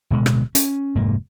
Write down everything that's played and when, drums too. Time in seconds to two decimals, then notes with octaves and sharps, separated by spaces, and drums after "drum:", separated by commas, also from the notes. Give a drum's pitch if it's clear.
0.10 D1 B2 G#3
0.26 drum: rim click
0.55 C#4, drum: hi-hat
0.95 F1 G#2 A#3